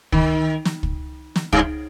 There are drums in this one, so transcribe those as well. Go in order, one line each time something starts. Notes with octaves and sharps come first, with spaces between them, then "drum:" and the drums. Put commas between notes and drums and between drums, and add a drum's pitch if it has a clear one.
D#3, drum: kick
drum: snare
drum: kick
drum: snare
G2, drum: kick